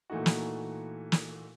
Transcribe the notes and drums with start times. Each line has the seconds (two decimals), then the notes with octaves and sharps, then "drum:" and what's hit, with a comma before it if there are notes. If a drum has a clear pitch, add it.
0.10 A#2 E3 A3 D#4 F#4
0.26 drum: snare
1.12 drum: snare